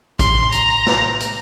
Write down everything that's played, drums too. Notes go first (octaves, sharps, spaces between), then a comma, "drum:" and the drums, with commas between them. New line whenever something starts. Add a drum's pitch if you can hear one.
C6, drum: kick, hi-hat
A#5, drum: hi-hat
drum: snare
drum: hi-hat